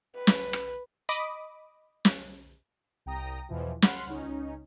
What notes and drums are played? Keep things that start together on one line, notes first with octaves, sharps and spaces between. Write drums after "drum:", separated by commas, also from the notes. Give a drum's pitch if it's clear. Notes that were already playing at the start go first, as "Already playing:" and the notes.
B4
drum: snare
drum: rim click
D#5 B5 D6 D#6
drum: snare
C2 G5 A#5 D#6 A#6
E2 B2 E3 F3
F#5 B5 C6 F6 F#6, drum: snare
C#2 C#4 D#4